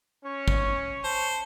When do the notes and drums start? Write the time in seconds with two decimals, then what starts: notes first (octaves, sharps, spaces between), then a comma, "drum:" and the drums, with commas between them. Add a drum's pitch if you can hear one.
0.25 C#4 C#5
0.48 drum: kick
1.04 C5 A5